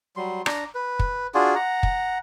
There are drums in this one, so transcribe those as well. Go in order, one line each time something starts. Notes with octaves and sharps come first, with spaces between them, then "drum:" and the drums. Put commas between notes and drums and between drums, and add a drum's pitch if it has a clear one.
F#3 G3 C6
D4 A#5, drum: rim click
B4
drum: kick
D4 F4 F#4 G#4
F#5 A#5
drum: kick